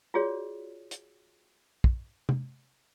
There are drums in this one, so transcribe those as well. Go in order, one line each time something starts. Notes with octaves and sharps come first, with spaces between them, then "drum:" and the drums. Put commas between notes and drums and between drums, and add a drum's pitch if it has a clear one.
F4 F#4 G#4 C#5 D5
drum: hi-hat
drum: kick
drum: tom C3